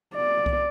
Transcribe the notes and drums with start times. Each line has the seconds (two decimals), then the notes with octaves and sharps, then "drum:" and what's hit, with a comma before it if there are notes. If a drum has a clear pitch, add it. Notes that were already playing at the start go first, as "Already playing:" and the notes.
0.15 D5
0.46 drum: kick C2